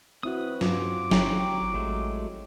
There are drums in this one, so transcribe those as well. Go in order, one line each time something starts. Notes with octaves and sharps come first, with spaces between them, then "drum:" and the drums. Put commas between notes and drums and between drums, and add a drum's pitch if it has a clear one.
C4 E4 F#4 B4 D#6
G2 F#3 F4 D6, drum: snare
G1 F#3 E4 G4 C#5 G5 A#5, drum: snare
A1 F#3 G#3 A3